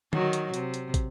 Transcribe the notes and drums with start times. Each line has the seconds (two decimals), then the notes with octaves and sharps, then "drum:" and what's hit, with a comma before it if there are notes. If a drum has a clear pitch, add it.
0.13 D#3 F#3, drum: tom D3
0.33 drum: hi-hat
0.54 C3, drum: hi-hat
0.74 drum: hi-hat
0.94 drum: kick, hi-hat